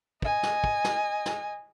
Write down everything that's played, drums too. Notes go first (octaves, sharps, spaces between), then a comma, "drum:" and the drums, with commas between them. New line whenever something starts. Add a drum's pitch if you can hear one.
D#5 G#5, drum: kick
drum: snare
drum: kick
drum: snare
drum: snare